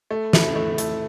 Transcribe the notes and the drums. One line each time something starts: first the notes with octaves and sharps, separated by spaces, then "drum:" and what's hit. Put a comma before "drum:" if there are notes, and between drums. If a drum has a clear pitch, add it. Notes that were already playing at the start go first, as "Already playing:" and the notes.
A3
E4, drum: snare
A3
A3, drum: hi-hat